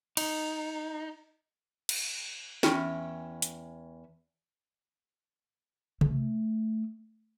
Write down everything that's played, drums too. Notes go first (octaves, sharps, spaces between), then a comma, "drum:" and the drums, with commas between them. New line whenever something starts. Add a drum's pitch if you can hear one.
D#4, drum: cymbal
drum: cymbal
E2 C#4 G5, drum: snare
drum: hi-hat
A3, drum: tom C3